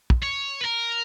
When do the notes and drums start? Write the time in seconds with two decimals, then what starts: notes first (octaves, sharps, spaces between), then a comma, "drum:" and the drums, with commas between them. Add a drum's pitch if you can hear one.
0.10 drum: kick
0.23 C#5
0.61 B4
0.65 A#4